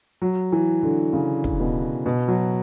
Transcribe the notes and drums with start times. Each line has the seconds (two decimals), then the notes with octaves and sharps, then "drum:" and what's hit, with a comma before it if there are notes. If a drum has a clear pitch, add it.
0.22 F#3
0.52 E3
0.83 D3
1.13 C#3
1.44 drum: kick
1.60 B2
2.06 B2
2.28 F#3